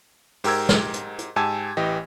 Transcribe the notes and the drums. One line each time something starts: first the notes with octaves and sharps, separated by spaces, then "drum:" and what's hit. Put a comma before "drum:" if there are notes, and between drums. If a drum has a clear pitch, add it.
G#2 G4 A#4 E6 G#6, drum: open hi-hat
drum: snare
drum: hi-hat
drum: hi-hat
G#2 G4 G#5 A5 E6 G#6
A1 E3 G4 D#5